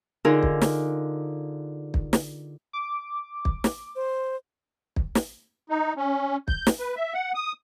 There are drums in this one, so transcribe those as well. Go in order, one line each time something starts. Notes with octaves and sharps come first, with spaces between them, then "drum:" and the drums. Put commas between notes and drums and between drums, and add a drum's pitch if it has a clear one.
D3 D#4 F4 G#4 A#4
drum: kick
drum: snare
drum: kick
drum: snare
D6
drum: kick
drum: snare
C5
drum: kick
drum: snare
D#4
C#4
G6, drum: kick
drum: snare
B4
E5
F#5
D#6